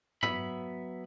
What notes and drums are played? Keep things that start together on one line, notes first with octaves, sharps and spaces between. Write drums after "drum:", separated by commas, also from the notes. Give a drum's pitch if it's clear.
F#3 B3 E5 B5, drum: tom G2